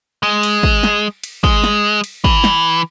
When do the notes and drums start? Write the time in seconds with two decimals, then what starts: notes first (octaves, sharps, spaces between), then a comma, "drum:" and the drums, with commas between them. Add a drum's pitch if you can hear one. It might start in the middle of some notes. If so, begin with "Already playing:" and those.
0.23 G#3
0.43 drum: cymbal
0.63 drum: kick
0.83 drum: snare
1.23 drum: cymbal
1.44 G#3, drum: kick
1.64 drum: snare
2.04 drum: cymbal
2.24 E3, drum: kick
2.44 drum: snare